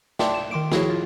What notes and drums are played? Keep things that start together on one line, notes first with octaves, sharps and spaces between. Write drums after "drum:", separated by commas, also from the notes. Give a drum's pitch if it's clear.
D5 E5 G5 A5 C6 D6, drum: snare
E7
D#3 C6 D6 D7
D#3 F3 E4 F#4 G#4 C#5, drum: snare
F4